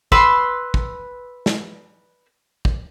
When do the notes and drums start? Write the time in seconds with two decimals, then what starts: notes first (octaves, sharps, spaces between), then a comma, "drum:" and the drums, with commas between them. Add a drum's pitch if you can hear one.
0.12 B4 C6 E6, drum: kick
0.74 drum: kick
1.46 drum: snare
2.65 drum: kick